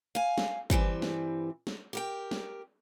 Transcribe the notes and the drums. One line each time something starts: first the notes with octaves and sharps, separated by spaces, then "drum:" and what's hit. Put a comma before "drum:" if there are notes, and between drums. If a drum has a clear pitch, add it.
F5 G#5
drum: snare
G2 E3 G3 C4, drum: kick
drum: snare
drum: snare
G4 A#4 G5
drum: snare